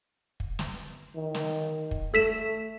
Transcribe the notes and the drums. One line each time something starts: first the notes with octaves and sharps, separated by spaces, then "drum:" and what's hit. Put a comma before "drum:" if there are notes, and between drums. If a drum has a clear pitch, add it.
drum: kick
drum: snare
D#3
drum: snare
drum: kick
A3 A4 B6 E7